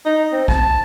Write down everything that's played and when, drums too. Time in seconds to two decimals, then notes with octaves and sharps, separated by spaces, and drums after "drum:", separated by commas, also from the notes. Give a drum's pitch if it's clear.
0.06 D#4
0.32 C4
0.48 A5, drum: kick B1